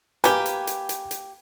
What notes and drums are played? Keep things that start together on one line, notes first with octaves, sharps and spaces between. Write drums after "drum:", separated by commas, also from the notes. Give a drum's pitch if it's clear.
A#3 G4 B4 G#5, drum: hi-hat
drum: hi-hat
drum: hi-hat
drum: hi-hat
drum: hi-hat